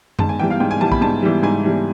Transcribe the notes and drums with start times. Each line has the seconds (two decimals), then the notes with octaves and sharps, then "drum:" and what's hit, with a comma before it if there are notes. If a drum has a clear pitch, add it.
0.19 G#2 A5, drum: tom F#2
0.29 G#5
0.39 E3 G3 G5
0.50 F5
0.60 G#2 G5
0.71 G#5
0.81 E3 G3 A5
0.92 B5, drum: kick A#1
1.01 G#2 A5
1.23 E3 G3
1.43 G#2 G#5
1.64 E3 G3